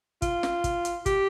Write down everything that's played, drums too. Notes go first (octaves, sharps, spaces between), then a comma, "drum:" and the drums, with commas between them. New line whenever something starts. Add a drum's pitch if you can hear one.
F4, drum: kick, hi-hat
drum: snare
drum: kick, hi-hat
drum: hi-hat
G4, drum: kick, hi-hat